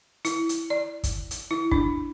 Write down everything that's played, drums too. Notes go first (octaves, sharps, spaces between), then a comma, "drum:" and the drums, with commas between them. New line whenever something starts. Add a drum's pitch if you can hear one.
E4, drum: hi-hat
drum: hi-hat
D5
drum: kick, hi-hat
drum: hi-hat
E4
D4, drum: kick